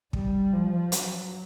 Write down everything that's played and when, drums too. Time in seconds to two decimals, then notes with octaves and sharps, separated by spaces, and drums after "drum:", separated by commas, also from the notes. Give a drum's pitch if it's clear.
0.13 G3, drum: kick
0.52 F3
0.92 F#3, drum: hi-hat